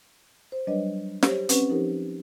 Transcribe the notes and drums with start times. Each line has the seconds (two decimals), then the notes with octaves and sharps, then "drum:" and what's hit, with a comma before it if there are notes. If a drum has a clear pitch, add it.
0.52 C5
0.67 F#3 G3 D4 B4 C#5 D#5
1.23 G4 C5 C#5, drum: snare
1.49 C4 C#4 B4 F#5 C#6, drum: hi-hat
1.70 F3 D#4 G4 A#4 C5